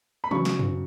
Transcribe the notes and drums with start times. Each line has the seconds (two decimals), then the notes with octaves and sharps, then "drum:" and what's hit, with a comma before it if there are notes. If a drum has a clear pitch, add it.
0.24 B5
0.31 C#3 F#3 C#6, drum: tom
0.45 drum: snare
0.59 drum: tom F#2